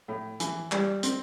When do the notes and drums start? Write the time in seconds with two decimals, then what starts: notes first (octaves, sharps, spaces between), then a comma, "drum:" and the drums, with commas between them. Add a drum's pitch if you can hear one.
0.08 A2
0.40 E3, drum: hi-hat
0.72 G3, drum: clap
1.03 C4, drum: hi-hat